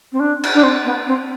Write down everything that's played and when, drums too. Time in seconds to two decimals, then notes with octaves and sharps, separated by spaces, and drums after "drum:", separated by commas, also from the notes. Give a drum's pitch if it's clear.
0.12 C4
0.20 D4
0.43 drum: cymbal
0.54 D4
0.63 C4
0.84 B3
1.07 C4